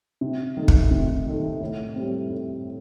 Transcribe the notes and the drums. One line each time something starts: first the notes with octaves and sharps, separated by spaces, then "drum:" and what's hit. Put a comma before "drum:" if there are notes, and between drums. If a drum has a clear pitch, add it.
C3
D#3 A3
drum: kick
C3
D#3 A3
A2
G3 C4
A2